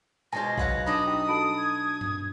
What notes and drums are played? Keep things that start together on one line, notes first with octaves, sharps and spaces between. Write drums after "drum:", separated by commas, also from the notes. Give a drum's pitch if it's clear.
B2 G#3 F4 C5 G#5 A#6
F#3 B4 C#5 F5 F#5 B5, drum: kick A#1
D4 D#4 B5 D#6
G4
F#4 A4 B5 D7
G#6
drum: tom G2